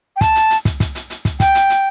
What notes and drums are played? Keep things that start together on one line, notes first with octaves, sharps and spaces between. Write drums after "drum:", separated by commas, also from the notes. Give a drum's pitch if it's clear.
G5
A5, drum: kick, hi-hat
drum: hi-hat
drum: hi-hat
drum: kick, hi-hat
drum: kick, hi-hat
drum: hi-hat
drum: hi-hat
drum: kick, hi-hat
G5, drum: kick, hi-hat
drum: hi-hat
drum: hi-hat